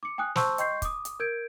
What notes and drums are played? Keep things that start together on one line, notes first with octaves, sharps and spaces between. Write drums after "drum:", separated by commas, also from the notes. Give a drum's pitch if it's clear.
D6 C#7
G5 G#5 D#6 F#6
C5 A5 C6 C#6 E6 G6, drum: snare
D#5 G5 C6 C#6 G6 C7, drum: hi-hat
D6 D#6, drum: kick, hi-hat
drum: hi-hat
A#4 G6 G#6 D7